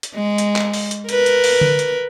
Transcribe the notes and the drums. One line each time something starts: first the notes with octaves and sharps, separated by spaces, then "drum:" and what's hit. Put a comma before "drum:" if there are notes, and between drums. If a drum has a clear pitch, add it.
drum: hi-hat
G#3
drum: hi-hat
drum: clap
drum: open hi-hat
drum: hi-hat
A#4 B4, drum: hi-hat
drum: hi-hat
drum: open hi-hat
drum: tom D3
drum: hi-hat